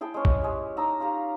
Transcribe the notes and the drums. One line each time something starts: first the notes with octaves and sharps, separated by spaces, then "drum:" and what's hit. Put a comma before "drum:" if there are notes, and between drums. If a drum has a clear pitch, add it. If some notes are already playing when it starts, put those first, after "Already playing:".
E4 G#4 G5 A5
G#3 C#4
drum: kick
G#3 G4
D#4 A5 A#5 E6
F4 G4 A#5